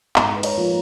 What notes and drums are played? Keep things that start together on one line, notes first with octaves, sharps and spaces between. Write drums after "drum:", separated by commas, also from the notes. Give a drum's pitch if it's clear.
G#2 A#5, drum: clap
B4
C#5, drum: cymbal
F3 A#3